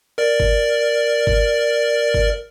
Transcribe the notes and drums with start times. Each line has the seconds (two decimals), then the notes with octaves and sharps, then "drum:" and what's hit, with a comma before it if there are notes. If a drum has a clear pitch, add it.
0.18 A#4 D5
0.40 drum: kick G1
1.27 drum: kick G1
2.14 drum: kick G1